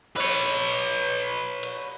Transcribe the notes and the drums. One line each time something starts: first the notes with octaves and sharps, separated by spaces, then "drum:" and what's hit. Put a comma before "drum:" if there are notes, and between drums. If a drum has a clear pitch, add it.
B4 C#5, drum: cymbal
drum: cymbal